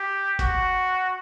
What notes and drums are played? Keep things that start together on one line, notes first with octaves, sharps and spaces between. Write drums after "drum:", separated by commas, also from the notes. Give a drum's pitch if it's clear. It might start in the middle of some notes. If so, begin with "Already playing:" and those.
Already playing: G4
F#4, drum: kick G1, hi-hat